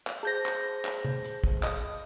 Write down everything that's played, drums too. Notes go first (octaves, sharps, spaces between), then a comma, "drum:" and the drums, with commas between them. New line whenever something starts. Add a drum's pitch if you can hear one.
drum: clap
G#4 C5 A5 G6 A#6
drum: clap
drum: clap
drum: tom C3
drum: hi-hat
drum: kick
D#5 F5, drum: clap